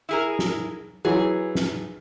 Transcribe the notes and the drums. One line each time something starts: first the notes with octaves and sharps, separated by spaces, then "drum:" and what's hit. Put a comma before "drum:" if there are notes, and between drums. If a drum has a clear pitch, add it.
E4 G#4 A#4
drum: snare
E3 F#3 G#4
drum: snare